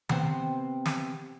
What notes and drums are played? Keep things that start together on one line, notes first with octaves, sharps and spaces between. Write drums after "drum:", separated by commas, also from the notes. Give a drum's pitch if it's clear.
C3 B3 C4, drum: tom D#3
drum: snare